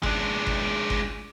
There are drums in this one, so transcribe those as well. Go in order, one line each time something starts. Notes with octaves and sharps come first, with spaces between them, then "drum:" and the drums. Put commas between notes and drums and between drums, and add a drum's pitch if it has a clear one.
G#3 D4, drum: kick G1
drum: kick G1
drum: kick G1